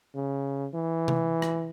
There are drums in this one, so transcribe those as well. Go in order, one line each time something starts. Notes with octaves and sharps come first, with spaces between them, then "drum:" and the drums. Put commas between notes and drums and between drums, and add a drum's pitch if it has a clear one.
C#3
E3
drum: tom C3
drum: rim click